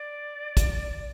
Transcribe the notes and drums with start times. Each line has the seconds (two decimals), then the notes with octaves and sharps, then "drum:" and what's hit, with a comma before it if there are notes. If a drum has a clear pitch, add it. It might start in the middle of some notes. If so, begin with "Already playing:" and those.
Already playing: D5
0.57 drum: kick, hi-hat